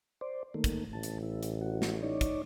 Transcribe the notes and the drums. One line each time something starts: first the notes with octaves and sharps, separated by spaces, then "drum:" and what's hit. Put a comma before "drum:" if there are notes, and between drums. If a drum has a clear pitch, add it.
C5 D5
D#3 A3 A#3
drum: kick, hi-hat
A1 A5
drum: hi-hat
E4
drum: hi-hat
F#4
drum: snare
D#4 C#5 D5
drum: kick, hi-hat